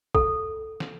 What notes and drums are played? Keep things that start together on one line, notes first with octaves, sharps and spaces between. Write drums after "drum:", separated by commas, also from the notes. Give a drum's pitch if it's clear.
A4, drum: kick
drum: snare